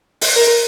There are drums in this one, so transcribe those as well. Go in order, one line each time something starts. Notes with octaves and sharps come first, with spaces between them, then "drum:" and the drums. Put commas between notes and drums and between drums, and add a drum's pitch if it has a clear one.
drum: open hi-hat
A#4